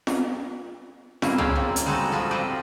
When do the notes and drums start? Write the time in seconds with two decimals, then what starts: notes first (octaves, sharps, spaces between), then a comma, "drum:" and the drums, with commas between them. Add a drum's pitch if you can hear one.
0.07 drum: snare F4
1.22 G3 A3 A#3 E4 F4, drum: snare F4
1.38 G#3 C#4 D5 E5 F5 G5, drum: tom
1.55 A#3 C4
1.76 drum: hi-hat
1.86 G3 G#3 C4 D#4 F#4 A4
2.12 F3 G3 F4 F#4 B4
2.31 C4 F4 G4 C5 D5 D#5